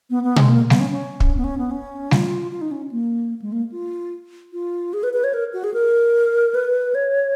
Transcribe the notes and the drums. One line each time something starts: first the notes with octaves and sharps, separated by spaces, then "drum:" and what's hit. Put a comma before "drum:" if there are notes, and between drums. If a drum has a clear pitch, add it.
B3
B3
G#3, drum: tom B2
A#3
B3, drum: snare G3
C#4
C#4
drum: kick
B3
C#4
B3
C#4
F4, drum: snare G3
F4
D#4
C#4
A#3
G#3
A#3
F4
F4
G#4
B4
B4
C#5
A#4
F#4
G#4
A#4
B4
C#5